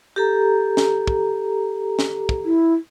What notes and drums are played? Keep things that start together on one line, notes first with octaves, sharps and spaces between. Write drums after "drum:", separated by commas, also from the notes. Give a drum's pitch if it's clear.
G4 A4 A#5
drum: snare
drum: kick
drum: snare
drum: kick
E4